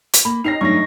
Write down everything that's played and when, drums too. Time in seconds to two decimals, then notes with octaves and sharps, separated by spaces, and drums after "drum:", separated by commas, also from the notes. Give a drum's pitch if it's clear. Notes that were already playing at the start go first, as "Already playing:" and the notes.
0.14 drum: hi-hat
0.25 A#3 A#4 B5
0.44 C4 D#4 G4 C#5 A#6 C7 F7
0.61 G2 E3 F#3 A3 C#6 A#6